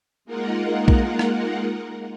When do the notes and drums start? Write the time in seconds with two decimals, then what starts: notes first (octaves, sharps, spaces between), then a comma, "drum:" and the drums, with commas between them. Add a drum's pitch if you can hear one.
0.25 G#3 A#3 D#4 F4 A#4 F#5
0.88 drum: kick A#1
1.19 drum: rim click